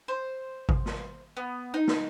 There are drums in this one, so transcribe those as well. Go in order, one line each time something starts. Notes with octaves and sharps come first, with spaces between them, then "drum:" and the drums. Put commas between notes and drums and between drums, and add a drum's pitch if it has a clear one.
C5
drum: kick G#1
drum: snare
B3
D#4
drum: snare